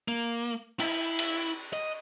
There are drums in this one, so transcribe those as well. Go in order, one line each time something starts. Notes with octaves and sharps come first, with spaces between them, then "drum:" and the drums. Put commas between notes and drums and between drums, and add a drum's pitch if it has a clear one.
A#3
E4, drum: cymbal
drum: cymbal
D#5